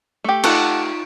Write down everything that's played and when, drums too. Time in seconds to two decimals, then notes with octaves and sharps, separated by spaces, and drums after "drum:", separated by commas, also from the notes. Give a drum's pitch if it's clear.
0.24 A3 G4
0.44 D#4 F4 A4 D5 F#5 C#6, drum: cymbal